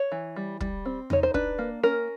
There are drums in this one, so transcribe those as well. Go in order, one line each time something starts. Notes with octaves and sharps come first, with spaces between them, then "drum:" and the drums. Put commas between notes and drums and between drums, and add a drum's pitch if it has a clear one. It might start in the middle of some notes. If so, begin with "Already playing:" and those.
Already playing: C#5
E3
G3
G3, drum: kick
C4
D#4 C#5, drum: tom E2
C5
D4 B4, drum: kick
A#3
C#4 A#4